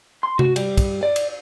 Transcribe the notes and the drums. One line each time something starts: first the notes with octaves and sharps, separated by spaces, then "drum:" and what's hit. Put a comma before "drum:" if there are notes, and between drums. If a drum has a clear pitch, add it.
C6
F#4, drum: tom C3
G3, drum: cymbal
drum: kick, cymbal
D5
drum: cymbal